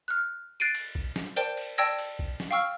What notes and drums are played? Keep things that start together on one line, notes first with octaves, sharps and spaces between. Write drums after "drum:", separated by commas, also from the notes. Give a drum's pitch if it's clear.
F6 F#6
F#6 A6 C7 D7 D#7
drum: cymbal
drum: kick A#1
drum: snare
A#4 C5 D5 G5 A5
drum: cymbal
D5 G5 A5 E6 G#6 A#6
drum: cymbal
drum: kick A#1
drum: snare
F5 G5 C#6 E6 F6